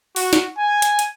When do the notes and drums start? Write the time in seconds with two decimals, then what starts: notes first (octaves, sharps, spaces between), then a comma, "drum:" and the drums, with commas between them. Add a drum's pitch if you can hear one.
0.16 F#4, drum: open hi-hat
0.33 drum: snare
0.58 G#5
0.82 drum: hi-hat
0.99 drum: hi-hat